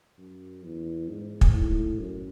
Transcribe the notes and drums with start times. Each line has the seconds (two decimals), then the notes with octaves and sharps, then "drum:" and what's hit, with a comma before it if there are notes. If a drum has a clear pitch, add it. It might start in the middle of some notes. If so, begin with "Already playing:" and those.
0.18 F#2
0.63 E2
1.09 G#2
1.41 drum: kick
1.53 A2
1.99 F#2